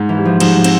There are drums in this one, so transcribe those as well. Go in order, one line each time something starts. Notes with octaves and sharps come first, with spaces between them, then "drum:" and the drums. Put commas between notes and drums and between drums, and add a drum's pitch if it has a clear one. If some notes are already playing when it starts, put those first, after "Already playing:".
Already playing: G#2 G#3
E3
G3
F3
G#2 F3, drum: cymbal
F3
C4, drum: cymbal